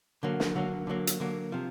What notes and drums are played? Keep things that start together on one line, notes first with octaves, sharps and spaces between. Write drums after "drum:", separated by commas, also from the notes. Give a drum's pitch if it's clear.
D3 F#3 A#3
drum: snare
D3 F#3 A#3
D3 F#3 A#3
drum: hi-hat
D3 F#3 A#3
C3 F3